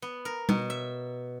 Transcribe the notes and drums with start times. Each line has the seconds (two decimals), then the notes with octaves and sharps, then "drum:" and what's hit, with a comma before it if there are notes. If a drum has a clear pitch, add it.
0.02 B3
0.25 A#4
0.49 B2, drum: tom G3
0.70 E5